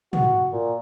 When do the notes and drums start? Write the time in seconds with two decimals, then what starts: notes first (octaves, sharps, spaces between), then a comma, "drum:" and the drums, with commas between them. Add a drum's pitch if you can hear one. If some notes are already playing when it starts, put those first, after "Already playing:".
0.13 F#4, drum: tom
0.52 A#2